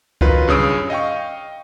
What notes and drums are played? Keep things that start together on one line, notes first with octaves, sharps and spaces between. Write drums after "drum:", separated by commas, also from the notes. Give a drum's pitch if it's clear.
D#3 F#3 F4 B4, drum: kick C#2
G2 C#3 C#5 D#6 E6 D7
D#5 F5 G5 C#6